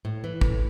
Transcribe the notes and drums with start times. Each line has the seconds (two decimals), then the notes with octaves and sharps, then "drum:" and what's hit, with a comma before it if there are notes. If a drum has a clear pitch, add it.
0.05 A2
0.24 E3
0.41 A2, drum: kick